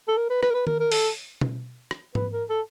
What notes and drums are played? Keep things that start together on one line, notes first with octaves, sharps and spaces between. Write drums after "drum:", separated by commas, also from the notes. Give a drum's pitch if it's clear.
A4
A#4
B4
B4, drum: rim click
A#4
B4
A#4, drum: tom D#3
A#4
A4, drum: open hi-hat
drum: tom B2
drum: rim click
B4, drum: tom G#2
A#4
A4